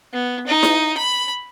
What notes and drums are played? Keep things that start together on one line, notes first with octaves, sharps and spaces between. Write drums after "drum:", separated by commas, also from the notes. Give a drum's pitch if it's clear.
B3
D#4
drum: snare E4
B5